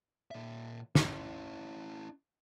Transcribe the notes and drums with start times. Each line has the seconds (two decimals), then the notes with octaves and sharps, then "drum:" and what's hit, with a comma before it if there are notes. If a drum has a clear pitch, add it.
0.31 A#2 E5
0.95 C#4 E4, drum: snare